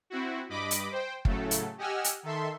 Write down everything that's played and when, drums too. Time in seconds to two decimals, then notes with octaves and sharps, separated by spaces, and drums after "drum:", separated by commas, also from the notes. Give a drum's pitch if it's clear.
0.10 C4 E4 F#4
0.49 G2 D#5 B5 D6
0.71 drum: hi-hat
0.92 C5 G5
1.25 A2 C#3 F#3 A3 A4, drum: kick
1.51 drum: hi-hat
1.78 G4 D#5 F#5 G#5 E6 F6
2.04 drum: hi-hat
2.23 D#3 A4 E5 C6